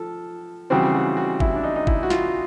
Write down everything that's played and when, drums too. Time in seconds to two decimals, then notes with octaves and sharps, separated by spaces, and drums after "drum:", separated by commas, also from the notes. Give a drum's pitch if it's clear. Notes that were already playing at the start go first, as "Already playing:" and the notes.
Already playing: F3 A4
0.70 C#3 E3 G3 C4 F#4
0.94 F#4
1.17 F#4
1.40 E4, drum: kick
1.56 D4
1.63 D#4
1.76 D#4
1.87 E4, drum: kick
2.03 F#4
2.10 F4, drum: snare